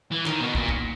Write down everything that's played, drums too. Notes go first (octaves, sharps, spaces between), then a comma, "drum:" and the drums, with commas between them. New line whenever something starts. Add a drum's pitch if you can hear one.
E3
D#3, drum: clap
B2
A#2, drum: kick
drum: kick